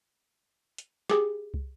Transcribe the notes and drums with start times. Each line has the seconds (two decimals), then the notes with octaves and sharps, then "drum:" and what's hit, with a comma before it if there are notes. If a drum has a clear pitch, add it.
0.78 drum: hi-hat
1.09 G4 G#4, drum: snare
1.54 drum: kick